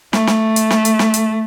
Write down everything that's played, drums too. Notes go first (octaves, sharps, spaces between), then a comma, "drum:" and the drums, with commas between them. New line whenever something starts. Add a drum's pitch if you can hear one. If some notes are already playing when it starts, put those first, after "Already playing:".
A3, drum: snare
drum: snare
drum: hi-hat
drum: snare
drum: hi-hat
drum: snare
drum: hi-hat